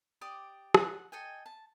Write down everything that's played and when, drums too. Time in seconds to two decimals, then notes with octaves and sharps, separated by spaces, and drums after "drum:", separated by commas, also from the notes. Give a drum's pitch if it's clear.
0.21 G4 D5 D6 D#6
0.74 F#5, drum: rim click
1.12 A4 D#5 G5 G#5
1.46 A5